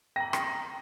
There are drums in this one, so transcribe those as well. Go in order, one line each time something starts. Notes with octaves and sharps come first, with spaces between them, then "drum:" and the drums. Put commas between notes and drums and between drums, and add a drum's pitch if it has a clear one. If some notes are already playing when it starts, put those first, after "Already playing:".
G5 A#5 A#6
drum: rim click